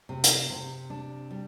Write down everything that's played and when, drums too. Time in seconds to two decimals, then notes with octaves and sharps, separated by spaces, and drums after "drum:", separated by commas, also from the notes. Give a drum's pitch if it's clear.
0.09 C3
0.24 drum: hi-hat
0.50 C3
0.90 D4
1.31 G3